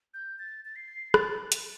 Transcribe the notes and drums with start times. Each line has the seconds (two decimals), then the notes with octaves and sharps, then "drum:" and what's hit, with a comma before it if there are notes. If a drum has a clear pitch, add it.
0.14 G6
0.39 A6
0.65 A6
0.76 C7
1.14 A6, drum: rim click
1.52 drum: hi-hat